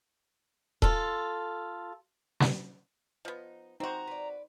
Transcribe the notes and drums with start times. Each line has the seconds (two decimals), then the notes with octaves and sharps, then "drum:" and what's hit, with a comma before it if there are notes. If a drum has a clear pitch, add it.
0.82 F4 A4, drum: kick D#1
2.40 drum: snare
3.25 F3 B3 D#4
3.80 C4 D#4 F#4 C5 A#5
4.07 B4 D5